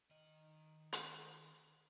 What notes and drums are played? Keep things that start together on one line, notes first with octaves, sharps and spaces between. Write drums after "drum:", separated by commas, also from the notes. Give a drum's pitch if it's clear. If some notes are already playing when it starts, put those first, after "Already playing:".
D#3 D#5
drum: hi-hat